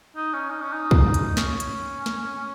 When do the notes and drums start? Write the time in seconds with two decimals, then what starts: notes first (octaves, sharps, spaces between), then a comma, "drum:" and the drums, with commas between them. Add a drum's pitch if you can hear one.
0.16 D#4
0.34 C#4
0.50 D#4
0.62 C#4
0.72 D#4
0.91 drum: kick
1.14 drum: hi-hat
1.37 C#4, drum: snare
1.60 drum: hi-hat
2.06 drum: snare